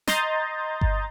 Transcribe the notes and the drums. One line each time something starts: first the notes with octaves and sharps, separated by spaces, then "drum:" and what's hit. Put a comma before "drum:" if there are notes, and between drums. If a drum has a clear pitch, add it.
D#5 A#5 C6 D#6 G6 A6, drum: snare
drum: kick G1